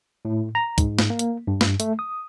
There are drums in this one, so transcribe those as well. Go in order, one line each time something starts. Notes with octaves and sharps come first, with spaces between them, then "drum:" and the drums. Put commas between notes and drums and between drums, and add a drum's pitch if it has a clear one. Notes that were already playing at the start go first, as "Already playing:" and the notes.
A2
A#5
G#2, drum: kick, hi-hat
drum: snare
A#3
drum: hi-hat
G2
drum: snare
A3, drum: hi-hat
D#6